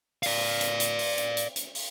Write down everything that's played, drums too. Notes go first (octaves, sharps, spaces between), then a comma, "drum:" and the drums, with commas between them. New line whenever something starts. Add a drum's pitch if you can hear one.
D5 F5, drum: open hi-hat
drum: hi-hat
drum: hi-hat
drum: open hi-hat
drum: hi-hat
drum: hi-hat
drum: hi-hat
drum: open hi-hat